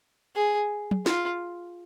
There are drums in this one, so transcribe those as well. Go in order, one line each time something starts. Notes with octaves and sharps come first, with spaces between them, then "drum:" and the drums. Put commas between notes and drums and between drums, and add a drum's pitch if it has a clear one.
G#4
drum: tom
F4, drum: snare